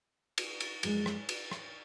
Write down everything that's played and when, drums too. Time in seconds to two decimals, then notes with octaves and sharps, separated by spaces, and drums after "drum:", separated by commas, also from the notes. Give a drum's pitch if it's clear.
0.38 drum: cymbal
0.60 drum: cymbal
0.83 F#2 F3 G#3, drum: cymbal
1.06 drum: rim click
1.29 drum: cymbal
1.51 drum: rim click